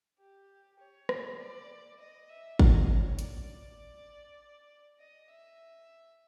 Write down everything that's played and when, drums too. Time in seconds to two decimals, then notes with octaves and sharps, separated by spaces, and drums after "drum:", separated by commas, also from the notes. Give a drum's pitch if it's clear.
0.19 G4
0.79 C#5
1.09 D5, drum: rim click
1.38 D5
1.99 D#5
2.29 E5
2.59 D#5, drum: kick G#1
2.89 C#5
3.19 D5, drum: hi-hat
4.99 D#5
5.29 E5